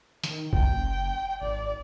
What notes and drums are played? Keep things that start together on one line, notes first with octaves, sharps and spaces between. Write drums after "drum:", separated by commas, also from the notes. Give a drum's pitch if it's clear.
D#3, drum: hi-hat
F#1 G5, drum: kick B1
G#1 D5